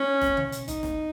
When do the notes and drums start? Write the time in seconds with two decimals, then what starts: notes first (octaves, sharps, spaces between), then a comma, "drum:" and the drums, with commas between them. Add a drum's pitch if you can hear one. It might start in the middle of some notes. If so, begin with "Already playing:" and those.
Already playing: C#4
0.22 drum: snare
0.37 drum: tom B2
0.52 drum: hi-hat
0.68 D#4, drum: kick F#1, hi-hat
0.83 drum: snare